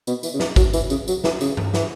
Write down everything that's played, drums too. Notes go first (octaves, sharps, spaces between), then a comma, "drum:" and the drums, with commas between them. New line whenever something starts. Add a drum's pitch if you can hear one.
B2, drum: tambourine
E3, drum: tambourine
C#3
E3, drum: snare
F#3, drum: kick, tambourine
E3, drum: tambourine
C#3, drum: tambourine
F#3, drum: tambourine
E3, drum: snare
C#3, drum: tambourine
drum: tom G2
E3, drum: snare